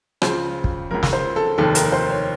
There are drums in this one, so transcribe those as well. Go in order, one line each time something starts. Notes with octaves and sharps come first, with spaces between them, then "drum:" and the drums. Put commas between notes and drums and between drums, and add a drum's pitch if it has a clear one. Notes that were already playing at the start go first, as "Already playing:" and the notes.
C#2 C#3 F3 C5, drum: rim click
drum: kick
C#2 C#3 F3 A#4
drum: snare
C5
A4
F1 D#2 D#3 A4
A#4, drum: hi-hat
C5
C#5